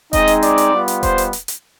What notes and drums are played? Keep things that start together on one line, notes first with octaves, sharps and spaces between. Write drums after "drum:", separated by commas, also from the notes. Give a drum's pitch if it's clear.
G#3 C4 D#4 D#5, drum: kick E1, hi-hat
drum: hi-hat
D5, drum: hi-hat
drum: hi-hat
G3 B3 F4
drum: hi-hat
C5, drum: kick E1, hi-hat
drum: hi-hat
drum: hi-hat
drum: hi-hat